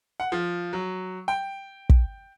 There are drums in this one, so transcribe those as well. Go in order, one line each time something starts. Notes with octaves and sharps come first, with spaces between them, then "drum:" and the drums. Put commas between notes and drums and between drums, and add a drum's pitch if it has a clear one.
F#5
F3
F#3
G5
drum: kick